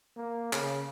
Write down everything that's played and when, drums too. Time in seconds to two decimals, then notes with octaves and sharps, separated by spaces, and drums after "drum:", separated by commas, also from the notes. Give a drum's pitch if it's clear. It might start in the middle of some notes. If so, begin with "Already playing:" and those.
0.16 A#3
0.53 C#3, drum: clap